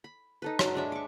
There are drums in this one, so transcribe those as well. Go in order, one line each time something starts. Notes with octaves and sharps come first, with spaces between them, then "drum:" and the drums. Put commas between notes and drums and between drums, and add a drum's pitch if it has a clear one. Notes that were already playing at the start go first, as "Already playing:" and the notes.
B5
D#4 A4 B4
F#3 D4, drum: rim click
G#3 D4 E5
C#6 D6